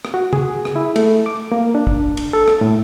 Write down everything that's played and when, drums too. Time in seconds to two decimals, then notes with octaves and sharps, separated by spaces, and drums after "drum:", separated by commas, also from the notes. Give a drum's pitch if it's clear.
0.05 drum: rim click
0.14 F#4
0.33 G#4, drum: tom C#3
0.65 drum: rim click
0.76 E4
0.96 A3, drum: cymbal
1.26 D6
1.52 A#3
1.75 D4
1.87 drum: kick
2.17 drum: cymbal
2.33 A4
2.48 drum: rim click
2.61 A2